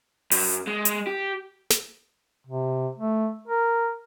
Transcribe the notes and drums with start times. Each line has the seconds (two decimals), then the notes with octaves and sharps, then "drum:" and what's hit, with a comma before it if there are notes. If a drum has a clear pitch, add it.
0.31 F#2, drum: open hi-hat
0.67 G#3
0.85 drum: hi-hat
1.07 G4
1.70 drum: snare
2.47 C3
2.97 A3
3.48 A#4